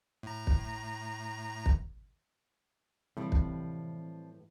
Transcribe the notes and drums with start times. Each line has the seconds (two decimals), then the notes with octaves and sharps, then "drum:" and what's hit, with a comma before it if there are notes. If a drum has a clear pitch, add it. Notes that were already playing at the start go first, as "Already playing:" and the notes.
0.23 A2 A#5
0.47 drum: kick
1.66 drum: kick
3.17 A2 C3 E3 F3 G3 C4
3.32 drum: kick